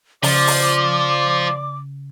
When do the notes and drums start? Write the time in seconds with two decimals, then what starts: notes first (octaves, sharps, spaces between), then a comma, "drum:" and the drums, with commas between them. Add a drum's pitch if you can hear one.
0.23 C#3 F3 D5 D6, drum: open hi-hat
0.47 drum: open hi-hat